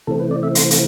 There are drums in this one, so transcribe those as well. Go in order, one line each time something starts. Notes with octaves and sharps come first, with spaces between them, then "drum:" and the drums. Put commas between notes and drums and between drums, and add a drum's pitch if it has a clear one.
C3 E3 A3 C4 A4
B4
D5
E5
C6, drum: hi-hat
drum: hi-hat